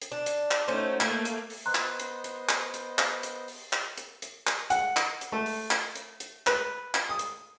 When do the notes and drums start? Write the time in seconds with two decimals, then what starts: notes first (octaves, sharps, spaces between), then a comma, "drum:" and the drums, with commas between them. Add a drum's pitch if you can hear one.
0.02 drum: hi-hat
0.12 D4
0.26 drum: hi-hat
0.51 drum: clap
0.68 A3 C#4 D#4 F#4 C5
1.01 A3 A#3 E5, drum: clap
1.25 drum: hi-hat
1.50 drum: open hi-hat
1.66 B3 C5 D#5 A#5 C6 F#6
1.75 drum: clap
2.00 drum: hi-hat
2.24 drum: hi-hat
2.49 drum: clap
2.74 drum: hi-hat
2.99 drum: clap
3.23 drum: hi-hat
3.48 drum: open hi-hat
3.73 drum: clap
3.98 drum: hi-hat
4.22 drum: hi-hat
4.47 drum: clap
4.70 F#5, drum: hi-hat
4.97 drum: clap
5.21 drum: hi-hat
5.32 A3
5.46 drum: open hi-hat
5.71 drum: clap
5.96 drum: hi-hat
6.20 drum: hi-hat
6.47 B4, drum: clap
6.94 drum: clap
7.09 D#6
7.19 drum: hi-hat